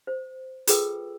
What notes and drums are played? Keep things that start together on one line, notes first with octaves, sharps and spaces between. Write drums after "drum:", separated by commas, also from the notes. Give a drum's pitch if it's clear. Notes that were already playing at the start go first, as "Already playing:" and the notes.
C5
F4 G#4 A4 B4 G5 E6, drum: hi-hat